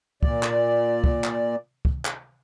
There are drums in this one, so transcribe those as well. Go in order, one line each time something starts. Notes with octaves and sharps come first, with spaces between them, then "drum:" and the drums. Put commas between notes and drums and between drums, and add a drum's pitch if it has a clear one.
A#2 D5, drum: kick
drum: clap
drum: kick
drum: clap
drum: kick
drum: clap